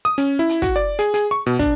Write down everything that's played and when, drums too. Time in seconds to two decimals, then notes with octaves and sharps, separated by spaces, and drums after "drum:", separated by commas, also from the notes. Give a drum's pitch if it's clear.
0.05 D#6
0.18 C#4, drum: hi-hat
0.39 E4
0.49 drum: hi-hat
0.62 F#4, drum: kick, hi-hat
0.76 D5
0.99 G#4, drum: hi-hat
1.14 G#4, drum: hi-hat
1.31 C#6
1.46 B2
1.59 D4, drum: kick, hi-hat